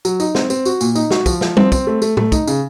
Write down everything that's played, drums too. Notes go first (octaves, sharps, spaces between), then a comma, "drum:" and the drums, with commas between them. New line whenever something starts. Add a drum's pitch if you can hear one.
F#3, drum: tambourine
D#4, drum: tambourine
C4, drum: snare
C4, drum: tambourine
F#4, drum: tambourine
A#2, drum: tambourine
D#4, drum: tambourine
F#4, drum: snare
F3, drum: kick, tambourine
F3, drum: snare
C4, drum: tom G3
C4, drum: kick, tambourine
A3
A3, drum: tambourine
A3, drum: tom A2
D#4, drum: kick, tambourine
C#3, drum: tambourine